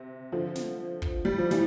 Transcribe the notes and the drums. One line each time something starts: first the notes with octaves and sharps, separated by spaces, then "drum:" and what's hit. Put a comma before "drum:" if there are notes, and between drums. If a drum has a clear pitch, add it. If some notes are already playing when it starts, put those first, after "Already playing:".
Already playing: C3
D3 F3
drum: snare
drum: kick
G3
F3
E3 G3, drum: snare